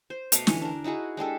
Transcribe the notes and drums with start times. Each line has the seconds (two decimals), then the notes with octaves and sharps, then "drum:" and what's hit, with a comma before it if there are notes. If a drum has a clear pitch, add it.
0.10 C5
0.32 B2 A3 F5 D6, drum: hi-hat
0.47 D3 E3 C#4, drum: snare
0.62 D4 A#4
0.84 D#4 E4 F#4 G#4
1.17 G#3 D4 G4 A4